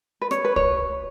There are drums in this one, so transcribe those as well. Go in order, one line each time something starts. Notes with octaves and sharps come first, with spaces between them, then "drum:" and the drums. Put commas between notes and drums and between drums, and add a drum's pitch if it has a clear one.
B4
C#5, drum: rim click
B4
C#5, drum: kick